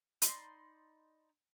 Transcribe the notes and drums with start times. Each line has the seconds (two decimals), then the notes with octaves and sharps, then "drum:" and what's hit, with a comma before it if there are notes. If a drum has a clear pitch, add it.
0.22 D#4 D5 B5 C6, drum: hi-hat